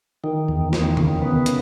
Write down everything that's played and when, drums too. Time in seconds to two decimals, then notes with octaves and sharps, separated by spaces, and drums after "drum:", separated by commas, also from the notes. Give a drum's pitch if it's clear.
0.24 D#3
0.49 E2
0.73 D#3, drum: snare
0.97 C#3, drum: tom
1.22 B3
1.46 C#3, drum: hi-hat